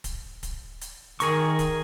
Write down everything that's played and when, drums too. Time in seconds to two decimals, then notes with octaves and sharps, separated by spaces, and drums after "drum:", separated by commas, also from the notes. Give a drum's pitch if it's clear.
0.04 drum: kick D1, hi-hat
0.43 drum: kick D1, hi-hat
0.82 drum: hi-hat
1.20 D#3 G#4 A#4 C#6, drum: hi-hat
1.59 drum: kick D1, hi-hat